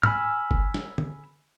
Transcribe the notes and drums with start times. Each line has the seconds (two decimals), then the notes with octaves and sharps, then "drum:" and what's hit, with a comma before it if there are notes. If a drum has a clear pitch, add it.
0.03 G#5 B5 E6 F6, drum: tom
0.51 drum: kick F#1
0.74 drum: snare
0.98 drum: tom